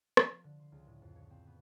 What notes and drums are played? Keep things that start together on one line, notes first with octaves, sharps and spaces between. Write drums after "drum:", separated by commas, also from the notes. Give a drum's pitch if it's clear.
F3, drum: rim click
A4
D3
C6
C#2
A2
F2
C#5
C4
B3